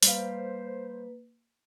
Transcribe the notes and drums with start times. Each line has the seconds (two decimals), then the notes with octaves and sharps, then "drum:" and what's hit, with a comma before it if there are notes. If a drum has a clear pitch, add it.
0.03 G3 A#3 B4 C5 F5, drum: open hi-hat